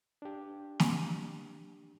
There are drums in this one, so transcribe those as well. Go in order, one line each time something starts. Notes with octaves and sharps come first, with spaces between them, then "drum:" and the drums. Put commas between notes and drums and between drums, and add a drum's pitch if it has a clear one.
D4 G4
drum: snare